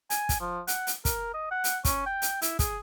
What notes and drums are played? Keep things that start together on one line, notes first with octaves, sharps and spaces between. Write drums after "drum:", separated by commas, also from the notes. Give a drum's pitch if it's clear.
G#5, drum: hi-hat
drum: kick, hi-hat
F3
F#5, drum: hi-hat
drum: hi-hat
A#4, drum: kick, hi-hat
D#5
F#5
drum: hi-hat
C#4, drum: kick, hi-hat
G5
drum: hi-hat
E4, drum: hi-hat
G#4, drum: kick, hi-hat